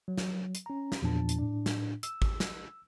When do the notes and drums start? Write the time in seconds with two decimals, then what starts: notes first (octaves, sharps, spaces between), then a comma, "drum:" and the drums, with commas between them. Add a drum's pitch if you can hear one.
0.08 F#3
0.18 drum: snare
0.55 drum: hi-hat
0.66 C#4 A#5
0.92 drum: snare
1.02 E2 A#2 F3 D4 A5
1.29 drum: hi-hat
1.38 A2 D4
1.66 drum: snare
2.03 E6, drum: hi-hat
2.22 drum: kick
2.40 drum: snare